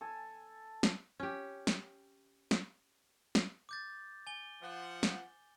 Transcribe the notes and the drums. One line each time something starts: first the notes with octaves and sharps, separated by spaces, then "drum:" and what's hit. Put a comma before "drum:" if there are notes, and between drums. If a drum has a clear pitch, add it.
A4 G#5
drum: snare
C#4 G4
drum: snare
drum: snare
drum: snare
D6 G6 A6
G#5 G7
F3 F#5
drum: snare